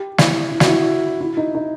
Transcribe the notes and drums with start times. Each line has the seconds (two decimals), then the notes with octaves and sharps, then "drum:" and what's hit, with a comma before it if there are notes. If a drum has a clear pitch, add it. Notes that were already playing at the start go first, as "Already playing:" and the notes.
Already playing: G4
0.18 E4, drum: snare
0.52 E4
0.60 F#4, drum: snare
0.67 E4
1.21 E4
1.37 D#4
1.55 D#4